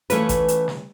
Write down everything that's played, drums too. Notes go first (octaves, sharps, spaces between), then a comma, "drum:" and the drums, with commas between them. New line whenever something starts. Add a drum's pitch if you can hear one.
E3 A3 C#4 F4 B4, drum: hi-hat
drum: kick, hi-hat
drum: hi-hat
drum: snare